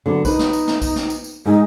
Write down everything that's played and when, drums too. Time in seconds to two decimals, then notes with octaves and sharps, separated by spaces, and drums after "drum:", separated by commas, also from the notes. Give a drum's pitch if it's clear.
0.06 D3 F#3 B3
0.25 D#4 B4, drum: kick B1, tambourine
0.39 drum: snare
0.53 drum: tambourine
0.67 drum: snare
0.82 drum: kick B1, tambourine
0.96 drum: snare
1.10 drum: tambourine
1.24 drum: tambourine
1.45 G#2 D#4 G#4